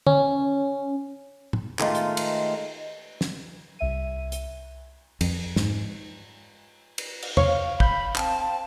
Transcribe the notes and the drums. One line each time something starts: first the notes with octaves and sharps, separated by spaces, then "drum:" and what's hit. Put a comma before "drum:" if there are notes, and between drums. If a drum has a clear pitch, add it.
C#4, drum: tom
drum: tom
D#3 G#3 A3 D#4 F4, drum: clap
drum: hi-hat
drum: cymbal
drum: snare
C2 E5 D#7
drum: hi-hat
F2, drum: cymbal
G#2, drum: snare
drum: cymbal
drum: cymbal
C#5 F5, drum: tom E2
B5 G6, drum: kick
C4 A5, drum: clap